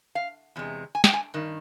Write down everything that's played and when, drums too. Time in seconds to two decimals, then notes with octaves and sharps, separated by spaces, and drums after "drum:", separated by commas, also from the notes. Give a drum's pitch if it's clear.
0.15 F5
0.56 E2 C3 G#3
0.95 G#5
1.04 G5, drum: snare
1.14 G#5
1.34 G2 D#3